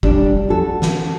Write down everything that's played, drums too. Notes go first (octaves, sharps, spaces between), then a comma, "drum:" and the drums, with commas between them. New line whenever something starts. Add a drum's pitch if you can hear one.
G3 D4, drum: kick
F#4 A4
drum: snare